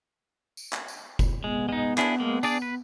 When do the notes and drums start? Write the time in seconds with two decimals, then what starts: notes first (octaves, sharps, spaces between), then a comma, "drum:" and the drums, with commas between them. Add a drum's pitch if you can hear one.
0.57 drum: tambourine
0.73 drum: clap
0.88 drum: tambourine
1.19 drum: kick F1, tambourine
1.44 G#3 B3
1.69 G#3 D#4
1.98 D4 E4 G#4, drum: clap
2.20 G#3 A#3
2.43 D4 G#4 D5, drum: tambourine
2.62 B4